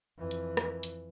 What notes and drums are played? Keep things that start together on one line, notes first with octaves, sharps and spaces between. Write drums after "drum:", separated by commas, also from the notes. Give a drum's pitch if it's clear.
F2 E3
drum: hi-hat
drum: rim click
drum: hi-hat